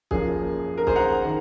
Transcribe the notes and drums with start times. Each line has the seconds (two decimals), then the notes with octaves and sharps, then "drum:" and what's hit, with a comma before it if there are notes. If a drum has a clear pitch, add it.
0.11 F#1 F#2 F3 A#3 G#4, drum: kick
0.78 A#4
0.87 G#4 C5, drum: kick
0.96 F#5 A#5
1.24 D#3 A#3